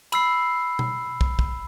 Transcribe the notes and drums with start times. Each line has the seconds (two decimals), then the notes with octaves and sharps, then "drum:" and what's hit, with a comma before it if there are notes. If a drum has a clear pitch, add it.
0.12 B5 E6 C7, drum: cymbal
0.79 drum: tom B2
1.21 drum: kick
1.39 drum: kick